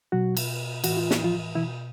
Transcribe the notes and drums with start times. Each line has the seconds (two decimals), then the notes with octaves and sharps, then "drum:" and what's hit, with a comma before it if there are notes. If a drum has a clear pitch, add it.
0.12 B2 F#3 F#4
0.37 drum: cymbal
0.84 A2 E3 F#4, drum: cymbal
0.97 F4
1.11 E4, drum: snare
1.24 F3 F4
1.55 B2 E3 E4